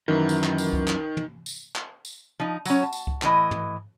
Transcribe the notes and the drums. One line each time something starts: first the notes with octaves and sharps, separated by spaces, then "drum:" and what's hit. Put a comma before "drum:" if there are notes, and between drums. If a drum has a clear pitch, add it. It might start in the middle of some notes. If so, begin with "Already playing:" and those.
F#2 D#3 E3
drum: tambourine
drum: clap
drum: tambourine
drum: kick C#2
drum: clap
drum: tom
drum: tambourine
drum: clap
drum: tambourine
F3 D#4
F#3 C#4, drum: tambourine
A5
drum: tambourine
drum: kick C#2
A2 E3 D#5, drum: clap
drum: tom